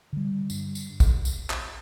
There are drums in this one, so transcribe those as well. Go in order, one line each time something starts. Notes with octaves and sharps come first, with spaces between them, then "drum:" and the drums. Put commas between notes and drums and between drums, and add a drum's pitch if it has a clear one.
D3 G3
G2, drum: tambourine
drum: tambourine
drum: kick A1, tambourine
drum: tambourine
drum: clap